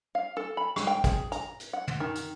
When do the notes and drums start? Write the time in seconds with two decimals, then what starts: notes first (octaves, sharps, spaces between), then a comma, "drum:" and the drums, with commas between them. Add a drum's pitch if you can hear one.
0.15 F5
0.37 A4
0.57 B5
0.76 drum: rim click
0.87 G5
1.04 G#4, drum: kick, hi-hat
1.32 A#5, drum: hi-hat
1.60 drum: hi-hat
1.73 F#5
1.87 drum: tom
2.00 D#3
2.15 drum: hi-hat